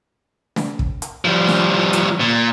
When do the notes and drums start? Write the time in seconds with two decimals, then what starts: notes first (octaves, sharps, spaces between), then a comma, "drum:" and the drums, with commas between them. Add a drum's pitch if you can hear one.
0.56 drum: snare
0.79 drum: kick
1.02 drum: hi-hat
1.25 F3 G3
1.47 drum: snare
1.93 drum: hi-hat
2.20 A#2